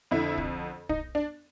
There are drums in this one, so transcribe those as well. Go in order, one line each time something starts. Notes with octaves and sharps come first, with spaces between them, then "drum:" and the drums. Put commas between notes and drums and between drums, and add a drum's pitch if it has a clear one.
F2 D3 E4
drum: kick
D#4, drum: kick
D4